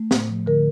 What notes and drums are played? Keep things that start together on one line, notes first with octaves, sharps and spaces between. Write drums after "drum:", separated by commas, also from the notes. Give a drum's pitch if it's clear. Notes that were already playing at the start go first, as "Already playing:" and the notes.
Already playing: A3
A2, drum: snare
F3
D3 A#4